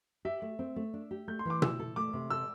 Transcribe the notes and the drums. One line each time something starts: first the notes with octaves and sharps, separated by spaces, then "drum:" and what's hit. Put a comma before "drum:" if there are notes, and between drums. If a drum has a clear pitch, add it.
G4 E5
A3
C4
A3
D4
G4
A3 G6
C6
E3 D6
E4 E6, drum: tom B2
A4
A3 D6
C3
A4 E6